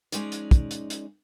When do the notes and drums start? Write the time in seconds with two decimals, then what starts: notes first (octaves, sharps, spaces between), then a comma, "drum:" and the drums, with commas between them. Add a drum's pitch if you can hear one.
0.12 F3 G#3 C#4 D#4 D5, drum: hi-hat
0.32 drum: hi-hat
0.51 drum: kick, hi-hat
0.71 drum: hi-hat
0.90 drum: hi-hat